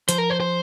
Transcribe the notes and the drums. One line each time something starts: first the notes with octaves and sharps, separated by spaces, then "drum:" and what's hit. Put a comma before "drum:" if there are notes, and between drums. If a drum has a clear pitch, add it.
F3 C5, drum: hi-hat
A#4
C5
C5